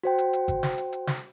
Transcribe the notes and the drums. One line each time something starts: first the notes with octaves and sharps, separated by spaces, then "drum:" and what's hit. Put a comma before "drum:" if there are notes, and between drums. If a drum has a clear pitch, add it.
F#4 C5 G5
drum: hi-hat
drum: hi-hat
drum: kick G#1, hi-hat
drum: snare
drum: hi-hat
drum: hi-hat
drum: snare